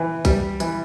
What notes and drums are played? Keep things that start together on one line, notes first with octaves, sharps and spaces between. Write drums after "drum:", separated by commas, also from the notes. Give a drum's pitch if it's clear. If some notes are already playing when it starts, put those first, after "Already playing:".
Already playing: E3
G3, drum: kick, hi-hat
E3, drum: hi-hat